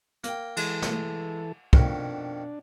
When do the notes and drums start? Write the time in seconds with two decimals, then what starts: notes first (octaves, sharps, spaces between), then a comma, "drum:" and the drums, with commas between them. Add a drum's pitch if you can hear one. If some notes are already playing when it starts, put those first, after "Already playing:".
0.24 A#3 G5, drum: hi-hat
0.57 E3 G#3 A4, drum: cymbal
0.82 drum: snare
1.73 F2 B2 D#3 D4, drum: kick